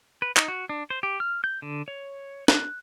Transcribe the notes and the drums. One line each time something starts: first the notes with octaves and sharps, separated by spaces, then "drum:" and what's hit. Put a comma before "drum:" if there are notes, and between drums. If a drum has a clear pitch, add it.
B4
D#4, drum: clap
F#4
D4
C5
G4
F6
G6
D3
C#5
F#6, drum: snare